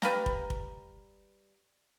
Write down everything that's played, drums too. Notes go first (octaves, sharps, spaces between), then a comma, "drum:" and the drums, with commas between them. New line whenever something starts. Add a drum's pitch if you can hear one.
G3 B4 F5 A#5, drum: snare
drum: kick
drum: kick